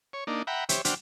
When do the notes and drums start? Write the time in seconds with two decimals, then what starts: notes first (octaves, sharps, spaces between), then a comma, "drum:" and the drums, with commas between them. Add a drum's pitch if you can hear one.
0.13 C#5
0.27 A#3 D4 D#4
0.47 E5 F#5 G5 A#5 B5
0.69 G4 C5 C#5 E5, drum: hi-hat
0.85 D4 F#4 C5 G5 F6, drum: hi-hat